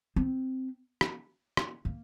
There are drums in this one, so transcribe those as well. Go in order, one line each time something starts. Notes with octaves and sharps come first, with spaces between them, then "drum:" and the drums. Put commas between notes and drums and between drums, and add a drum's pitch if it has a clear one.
C4
drum: rim click
drum: rim click
A#3